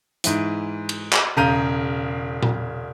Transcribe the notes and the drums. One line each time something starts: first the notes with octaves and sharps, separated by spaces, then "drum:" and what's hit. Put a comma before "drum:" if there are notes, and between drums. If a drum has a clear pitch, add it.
G#2 E3, drum: hi-hat
drum: cymbal
drum: clap
E1 C#3 F5 A#5 G6 D#7
drum: tom A#2